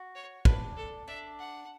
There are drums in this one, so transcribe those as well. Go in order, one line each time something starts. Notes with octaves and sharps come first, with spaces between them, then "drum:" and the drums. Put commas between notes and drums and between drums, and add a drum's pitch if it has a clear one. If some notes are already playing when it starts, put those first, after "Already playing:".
Already playing: F#4
C#5
D4 B4, drum: kick
A4
D4 E5
F#5